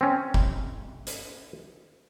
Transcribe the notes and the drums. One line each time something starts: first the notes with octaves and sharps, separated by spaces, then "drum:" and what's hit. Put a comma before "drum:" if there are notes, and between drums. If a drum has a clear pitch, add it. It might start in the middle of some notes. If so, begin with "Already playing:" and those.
C4 C#4
drum: kick
drum: hi-hat